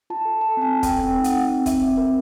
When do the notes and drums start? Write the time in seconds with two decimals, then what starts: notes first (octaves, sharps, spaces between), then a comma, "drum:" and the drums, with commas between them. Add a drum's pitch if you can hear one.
0.10 F4 A5
0.25 A4
0.41 A4 A5
0.57 C4 G#5
0.73 A4
0.83 G5, drum: kick, hi-hat
0.89 A4
1.03 C4 G5
1.19 D#4
1.24 F#5, drum: hi-hat
1.34 D#4
1.50 C4
1.66 C4 E5, drum: kick, hi-hat
1.81 C4
1.97 C4 A#4